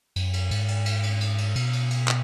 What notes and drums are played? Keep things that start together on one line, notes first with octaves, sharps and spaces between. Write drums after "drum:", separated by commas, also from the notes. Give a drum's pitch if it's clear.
F#2, drum: cymbal
drum: cymbal
G#2, drum: cymbal
drum: cymbal
drum: cymbal
drum: cymbal
drum: cymbal
drum: cymbal
B2, drum: cymbal
drum: cymbal
drum: cymbal
drum: clap